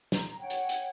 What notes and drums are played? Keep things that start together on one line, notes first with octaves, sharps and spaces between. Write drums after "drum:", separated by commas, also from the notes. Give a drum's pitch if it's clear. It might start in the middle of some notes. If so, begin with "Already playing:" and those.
A#5, drum: snare
C#5 F#5 G5
drum: hi-hat
drum: hi-hat